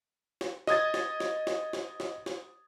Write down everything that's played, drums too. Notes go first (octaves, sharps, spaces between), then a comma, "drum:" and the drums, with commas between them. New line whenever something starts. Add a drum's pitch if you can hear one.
drum: snare
D#5 D#6 G#6 A6, drum: snare
drum: snare
drum: snare
drum: snare
drum: snare
drum: snare
drum: snare